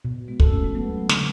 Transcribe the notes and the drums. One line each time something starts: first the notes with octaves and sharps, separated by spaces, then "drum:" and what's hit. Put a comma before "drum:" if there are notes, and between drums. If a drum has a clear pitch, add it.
B2
G#3 B3
A4, drum: kick
A3 C#4
G#3
F#3 A3 B3
G#3
F#3 A3
D3, drum: snare